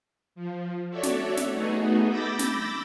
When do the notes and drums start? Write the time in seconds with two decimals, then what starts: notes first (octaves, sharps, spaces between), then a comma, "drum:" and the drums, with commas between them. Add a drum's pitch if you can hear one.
0.35 F3
0.90 F#4 A4 C#5 D5 E5
1.03 drum: snare
1.37 drum: snare
1.52 A3 B3 D#4 F#4 G#4
2.08 B5 D6 E6 G6 A6 A#6
2.39 drum: snare